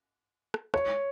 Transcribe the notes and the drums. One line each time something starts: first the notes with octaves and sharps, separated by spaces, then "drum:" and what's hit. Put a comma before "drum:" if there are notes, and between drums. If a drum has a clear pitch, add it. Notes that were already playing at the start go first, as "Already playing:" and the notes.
drum: rim click
C#5, drum: rim click